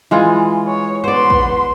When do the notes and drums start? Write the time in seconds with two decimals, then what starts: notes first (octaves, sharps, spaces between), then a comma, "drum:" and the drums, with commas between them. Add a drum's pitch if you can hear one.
0.11 E3 G#3 F4
0.68 C#5
1.04 B3 C5 D5 C6
1.30 drum: kick